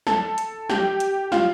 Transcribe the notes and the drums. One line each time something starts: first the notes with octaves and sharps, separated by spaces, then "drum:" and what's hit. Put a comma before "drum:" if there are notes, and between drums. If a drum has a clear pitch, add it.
A4, drum: snare
drum: hi-hat
G4, drum: snare
drum: hi-hat
F4, drum: snare